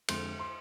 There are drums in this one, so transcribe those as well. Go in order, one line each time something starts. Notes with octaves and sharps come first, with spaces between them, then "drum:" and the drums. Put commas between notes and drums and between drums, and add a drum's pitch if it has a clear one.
F2 D3 G#3 C6, drum: cymbal
C6